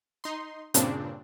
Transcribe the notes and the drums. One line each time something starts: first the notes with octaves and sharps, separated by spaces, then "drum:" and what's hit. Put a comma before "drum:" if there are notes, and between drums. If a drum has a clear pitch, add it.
D#4 C6
G2 A#2 C#3 C4 D4, drum: hi-hat